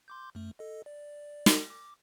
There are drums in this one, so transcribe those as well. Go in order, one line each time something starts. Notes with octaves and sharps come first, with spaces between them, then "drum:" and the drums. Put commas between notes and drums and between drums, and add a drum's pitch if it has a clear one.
C6 D6 G6
F#2 A3
A4 D#5
D5
drum: snare
D6